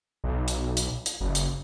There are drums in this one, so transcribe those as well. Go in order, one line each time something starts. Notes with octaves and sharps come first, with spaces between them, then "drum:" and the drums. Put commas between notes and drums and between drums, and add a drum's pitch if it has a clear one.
B1
drum: hi-hat
drum: hi-hat
drum: hi-hat
F#1
drum: hi-hat